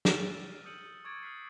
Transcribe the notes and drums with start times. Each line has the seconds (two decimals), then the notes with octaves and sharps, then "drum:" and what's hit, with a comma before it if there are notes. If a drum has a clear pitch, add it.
0.05 E6 F6 A6 D#7, drum: snare
0.34 E6
0.65 D#6 E6 G6 C#7 D#7 F#7
1.05 C#6 D6 G#6 A6 D7
1.23 D#6 F6 F#6 B6 C7